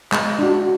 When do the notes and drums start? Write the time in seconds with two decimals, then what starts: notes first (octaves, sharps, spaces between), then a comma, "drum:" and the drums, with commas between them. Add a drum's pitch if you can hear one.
0.12 G#3, drum: clap
0.39 D4 F#4